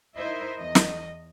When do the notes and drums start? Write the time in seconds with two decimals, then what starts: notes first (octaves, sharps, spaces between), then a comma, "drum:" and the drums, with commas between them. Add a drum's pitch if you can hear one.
0.16 D#4 E4 A#4 C5 D#5 E5
0.58 E2 D#5
0.75 drum: snare